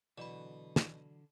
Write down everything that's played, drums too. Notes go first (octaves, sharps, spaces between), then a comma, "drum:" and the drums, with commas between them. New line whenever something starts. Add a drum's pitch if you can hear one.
B2 D3 E3 F#3 D5 B5
drum: snare